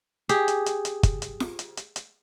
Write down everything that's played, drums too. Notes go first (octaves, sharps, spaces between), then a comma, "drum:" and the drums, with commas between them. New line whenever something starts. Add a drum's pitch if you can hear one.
G4 G#4, drum: hi-hat
drum: hi-hat
drum: hi-hat
drum: hi-hat
drum: kick, hi-hat
drum: hi-hat
drum: snare F4
drum: hi-hat
drum: hi-hat
drum: hi-hat